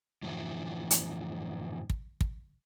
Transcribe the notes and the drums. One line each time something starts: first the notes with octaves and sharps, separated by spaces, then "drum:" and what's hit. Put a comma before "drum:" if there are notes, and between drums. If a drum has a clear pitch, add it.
F#2 A2 D3 E3 F3
drum: hi-hat
drum: kick
drum: kick